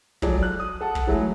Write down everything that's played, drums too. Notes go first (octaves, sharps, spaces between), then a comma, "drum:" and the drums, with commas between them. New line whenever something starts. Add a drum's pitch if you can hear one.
F3 F#3 G#3 A4 D5, drum: kick
F#6
D#6
A4 F#5 A5
drum: kick
E3 F#3 G#3 A3